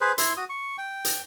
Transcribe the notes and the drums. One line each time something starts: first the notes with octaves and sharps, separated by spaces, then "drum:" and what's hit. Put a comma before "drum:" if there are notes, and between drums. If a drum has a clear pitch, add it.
G#4 B4 C5
E4 C6, drum: hi-hat
F#4 D#6
C#6
G5
drum: hi-hat